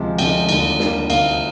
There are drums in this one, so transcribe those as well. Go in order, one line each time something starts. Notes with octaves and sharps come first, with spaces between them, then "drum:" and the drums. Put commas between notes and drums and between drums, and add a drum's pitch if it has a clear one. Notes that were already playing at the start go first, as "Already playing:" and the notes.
Already playing: D2 C3 F3 G#3
D2 C3 F3 G#3 G5, drum: cymbal
D#2 D3 G3 A#3, drum: cymbal
D#2 D3 G3 A#3, drum: snare
D2 C3 D#3 F5, drum: cymbal